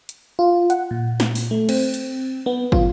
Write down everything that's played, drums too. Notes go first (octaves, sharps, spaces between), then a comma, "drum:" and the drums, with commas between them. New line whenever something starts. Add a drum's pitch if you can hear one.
drum: hi-hat
F4
F#5, drum: hi-hat
A#2
drum: snare
drum: open hi-hat
A3
C4, drum: cymbal
drum: hi-hat
B3
F4, drum: kick